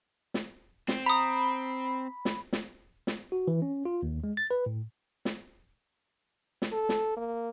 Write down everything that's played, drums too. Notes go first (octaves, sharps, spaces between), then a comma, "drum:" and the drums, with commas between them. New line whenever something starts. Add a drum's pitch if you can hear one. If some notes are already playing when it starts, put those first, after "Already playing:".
drum: snare
C4, drum: snare
A#5 B5 D#6
drum: snare
drum: snare
drum: snare
F#4
E3
C#4
F4
D#2
G#3
A6
B4
A2
drum: snare
drum: snare
A4
drum: snare
A#3